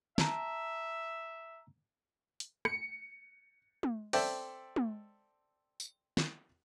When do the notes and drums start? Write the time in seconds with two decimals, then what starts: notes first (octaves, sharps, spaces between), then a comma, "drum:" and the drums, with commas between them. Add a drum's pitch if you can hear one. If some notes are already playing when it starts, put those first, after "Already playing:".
0.18 E5 A5 A#5, drum: snare
2.40 drum: hi-hat
2.65 C#7, drum: rim click
3.83 drum: tom
4.13 C4 A4 D5 E5 G5, drum: open hi-hat
4.76 drum: tom
5.80 drum: tambourine
6.17 drum: snare